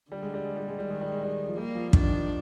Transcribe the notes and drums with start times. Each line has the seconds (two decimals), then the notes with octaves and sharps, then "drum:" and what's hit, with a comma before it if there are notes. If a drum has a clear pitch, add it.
0.11 D3 G3
0.22 G#3
0.34 G3
0.45 G#3
0.56 G3
0.68 G#3
0.79 G3
0.84 D#3
0.90 G#3
1.01 G3
1.12 G#3
1.23 G3
1.49 F3
1.57 G3 A#3
1.75 F3
1.93 D#3 D4, drum: kick
2.12 F3